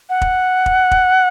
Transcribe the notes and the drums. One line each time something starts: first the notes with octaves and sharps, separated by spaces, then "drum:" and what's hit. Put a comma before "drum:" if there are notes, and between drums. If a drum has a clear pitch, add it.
F#5
drum: kick
drum: kick
drum: kick